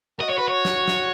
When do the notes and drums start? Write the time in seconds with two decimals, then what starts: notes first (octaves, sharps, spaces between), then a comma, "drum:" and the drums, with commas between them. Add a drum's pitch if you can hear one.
0.20 F#4 D#5
0.29 C#5
0.38 B4
0.48 C#5
0.65 drum: snare
0.88 drum: snare